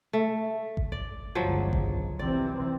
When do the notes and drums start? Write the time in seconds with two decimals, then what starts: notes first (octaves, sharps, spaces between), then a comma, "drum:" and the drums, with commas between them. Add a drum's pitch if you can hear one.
0.13 A3
0.77 drum: kick G#1
0.92 D5
1.35 G1 C#2 F3 F#3
1.73 drum: kick G#1
2.19 C3 E3 C4 D5